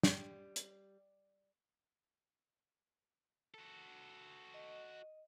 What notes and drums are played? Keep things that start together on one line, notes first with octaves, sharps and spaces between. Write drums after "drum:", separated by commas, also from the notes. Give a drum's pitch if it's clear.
G3, drum: snare
drum: hi-hat
F#4 A4
D#5